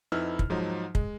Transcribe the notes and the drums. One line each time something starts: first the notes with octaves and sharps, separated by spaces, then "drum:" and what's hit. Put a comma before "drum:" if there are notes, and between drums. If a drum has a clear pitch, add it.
F2 D#4 E4 B4 E6 F6
drum: kick
G#2 F3 F#3 D#4
G#3, drum: kick